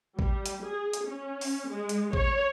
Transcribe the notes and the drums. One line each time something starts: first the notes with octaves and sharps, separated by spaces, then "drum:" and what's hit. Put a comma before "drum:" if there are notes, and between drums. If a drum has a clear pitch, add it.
G3, drum: kick A1
drum: hi-hat
G#4
drum: hi-hat
C#4
drum: open hi-hat
G#3
drum: hi-hat
C#5, drum: kick A1